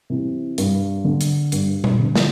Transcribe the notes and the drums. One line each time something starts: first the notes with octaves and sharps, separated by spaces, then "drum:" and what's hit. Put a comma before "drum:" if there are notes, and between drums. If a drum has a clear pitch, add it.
C3 E3
G2, drum: hi-hat
D3
drum: hi-hat
G2, drum: hi-hat
drum: tom A#2
D3
drum: snare